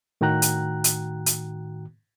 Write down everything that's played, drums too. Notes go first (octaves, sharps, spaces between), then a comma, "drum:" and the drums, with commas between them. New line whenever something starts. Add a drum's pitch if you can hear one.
A2 D#3 F#4 G5 A#5 F#6
drum: hi-hat
drum: hi-hat
drum: hi-hat